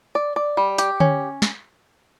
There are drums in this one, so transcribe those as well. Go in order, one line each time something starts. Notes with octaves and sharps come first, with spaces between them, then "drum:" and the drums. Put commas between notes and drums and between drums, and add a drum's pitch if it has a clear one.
D5
D5
G3
G4, drum: hi-hat
C#4, drum: tom D3
drum: snare